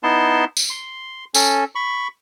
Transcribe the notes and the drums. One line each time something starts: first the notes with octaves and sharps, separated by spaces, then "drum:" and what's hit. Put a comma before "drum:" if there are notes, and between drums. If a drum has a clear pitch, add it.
B3 D#4 E4 A5 C6
drum: tambourine
C6
C#4 A4, drum: tambourine
B5 C#6